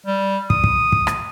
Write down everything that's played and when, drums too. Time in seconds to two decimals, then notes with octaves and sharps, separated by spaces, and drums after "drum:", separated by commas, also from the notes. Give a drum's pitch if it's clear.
0.06 G3
0.50 D#6, drum: kick
0.64 drum: kick
0.92 drum: kick
1.07 drum: rim click